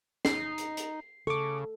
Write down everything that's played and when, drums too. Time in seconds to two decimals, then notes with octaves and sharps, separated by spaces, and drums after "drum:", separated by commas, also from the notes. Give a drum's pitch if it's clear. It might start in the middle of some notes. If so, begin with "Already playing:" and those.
0.25 D#4 C7, drum: snare
0.58 drum: hi-hat
0.77 drum: hi-hat
1.27 C#3 A4 C#6 D6